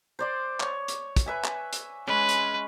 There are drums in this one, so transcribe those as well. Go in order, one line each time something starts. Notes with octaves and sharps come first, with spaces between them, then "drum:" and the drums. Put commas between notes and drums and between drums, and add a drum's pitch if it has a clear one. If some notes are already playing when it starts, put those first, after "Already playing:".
C5 D5 C6
C#5, drum: clap
drum: hi-hat
drum: kick, hi-hat
B4 E5 G#5
drum: clap
drum: hi-hat
G#3 C#4 B4
drum: hi-hat